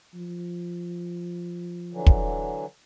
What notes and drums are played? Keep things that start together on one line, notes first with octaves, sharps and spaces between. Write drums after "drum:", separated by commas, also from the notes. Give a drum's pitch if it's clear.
F3
D3 E3 F#3
drum: kick